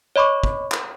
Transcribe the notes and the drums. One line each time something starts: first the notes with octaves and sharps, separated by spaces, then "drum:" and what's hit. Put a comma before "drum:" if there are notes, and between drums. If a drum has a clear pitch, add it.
C#5 D#5 B5 C#6 D6
drum: kick
drum: clap